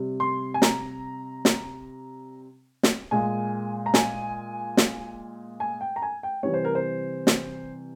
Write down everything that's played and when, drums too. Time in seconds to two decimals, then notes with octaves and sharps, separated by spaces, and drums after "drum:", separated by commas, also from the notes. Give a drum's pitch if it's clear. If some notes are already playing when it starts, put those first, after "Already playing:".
Already playing: C3 G3
0.20 C6
0.54 G#5
0.62 A#5, drum: snare
1.45 drum: snare
2.83 drum: snare
3.11 A#2 G#3 G#5
3.86 A#5
3.94 G#5, drum: snare
4.77 drum: snare
5.60 G#5
5.81 G5
5.96 A#5
6.02 G#5
6.23 G5
6.43 C3 E3 G3 C#5
6.54 C5
6.65 A#4
6.75 C5
7.27 drum: snare